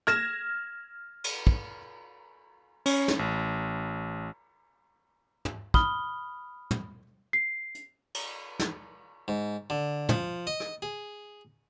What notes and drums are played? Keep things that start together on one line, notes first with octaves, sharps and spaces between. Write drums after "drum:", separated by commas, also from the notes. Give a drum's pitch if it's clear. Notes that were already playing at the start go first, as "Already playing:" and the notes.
F6 G#6 A#6 E7, drum: rim click
drum: cymbal
drum: kick
C#4, drum: cymbal
drum: snare
A1
drum: tom
B5 D#6 F6 G7, drum: kick
drum: tom
C7
drum: hi-hat
drum: cymbal
drum: snare
G#2
D3
F3, drum: tom
D#5
drum: rim click
G#4